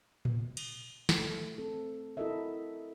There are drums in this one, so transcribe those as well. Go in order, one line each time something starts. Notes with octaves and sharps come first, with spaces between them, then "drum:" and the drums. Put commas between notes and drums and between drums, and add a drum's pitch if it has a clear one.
drum: tom A2
drum: cymbal
A3, drum: snare
C4 A4
E4 F#4 A4 A#4 D#5 E5